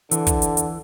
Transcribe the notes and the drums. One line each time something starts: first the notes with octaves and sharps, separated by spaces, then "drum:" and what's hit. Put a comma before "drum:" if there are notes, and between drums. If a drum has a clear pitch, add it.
D3 E3, drum: hi-hat
drum: kick, hi-hat
drum: hi-hat
drum: hi-hat